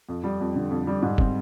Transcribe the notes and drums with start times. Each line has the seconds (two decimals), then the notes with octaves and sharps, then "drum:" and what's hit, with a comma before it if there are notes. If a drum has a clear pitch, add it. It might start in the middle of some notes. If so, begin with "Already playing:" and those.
0.09 F2
0.24 G3
0.40 F2
0.55 D3
0.70 F2
0.87 G3
1.02 G#2
1.18 C4, drum: kick